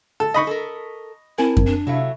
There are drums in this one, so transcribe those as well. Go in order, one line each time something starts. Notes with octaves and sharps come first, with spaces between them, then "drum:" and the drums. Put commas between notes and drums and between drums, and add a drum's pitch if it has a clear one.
A4
D#4 A#4 D#5 B5 C#6
A4 A#4
C4 E4 A#4 G#5 A5
drum: kick F#2
D4 G#5
C3 F#3 A3 E4 F5